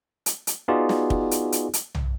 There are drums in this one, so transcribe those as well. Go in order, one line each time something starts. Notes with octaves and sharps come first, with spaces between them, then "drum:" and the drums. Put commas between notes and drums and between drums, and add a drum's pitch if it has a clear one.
drum: hi-hat
drum: hi-hat
B3 D#4 F4 F#4 G#4 D5
drum: snare
drum: kick
drum: hi-hat
drum: hi-hat
drum: hi-hat
drum: tom B1